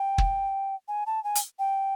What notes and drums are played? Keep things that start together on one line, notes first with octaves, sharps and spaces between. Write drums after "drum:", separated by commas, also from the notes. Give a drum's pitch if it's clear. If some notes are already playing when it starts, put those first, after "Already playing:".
Already playing: G5
drum: kick
G#5
A5
G#5
drum: hi-hat
G5